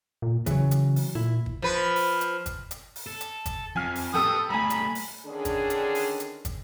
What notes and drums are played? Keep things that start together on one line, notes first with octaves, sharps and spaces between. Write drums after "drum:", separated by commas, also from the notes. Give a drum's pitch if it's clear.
A#2
C#3 E3 F#3, drum: kick, hi-hat
drum: hi-hat
drum: open hi-hat
A#2 E4
drum: kick
F3 B4
drum: open hi-hat
drum: hi-hat
drum: kick, hi-hat
drum: hi-hat
drum: open hi-hat
A4
drum: hi-hat
drum: kick, hi-hat
F2 G#5 F6
drum: open hi-hat
G4 A4 B4 A5 D#6 E6
G3 A3 G#5 A#5 B5
drum: hi-hat
drum: open hi-hat
D3 D#3 C#4 D4 G#4
drum: kick, hi-hat
drum: hi-hat
drum: open hi-hat
drum: hi-hat
drum: kick, hi-hat